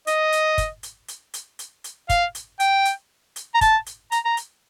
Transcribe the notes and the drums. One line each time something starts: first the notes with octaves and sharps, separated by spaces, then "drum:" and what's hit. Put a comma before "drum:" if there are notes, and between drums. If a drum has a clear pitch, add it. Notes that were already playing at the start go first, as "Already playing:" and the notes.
D#5, drum: hi-hat
drum: hi-hat
drum: kick, hi-hat
drum: hi-hat
drum: hi-hat
drum: hi-hat
drum: hi-hat
drum: hi-hat
F5, drum: kick, hi-hat
drum: hi-hat
G5, drum: hi-hat
drum: hi-hat
drum: hi-hat
A#5
A5, drum: kick, hi-hat
drum: hi-hat
A#5, drum: hi-hat
A#5
drum: hi-hat